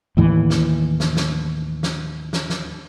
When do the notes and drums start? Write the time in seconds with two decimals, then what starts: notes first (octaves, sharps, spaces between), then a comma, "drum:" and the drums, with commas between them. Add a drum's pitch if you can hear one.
0.17 D#2 A2 E3
0.50 drum: snare
1.00 drum: snare
1.17 drum: snare
1.83 drum: snare
2.33 drum: snare
2.50 drum: snare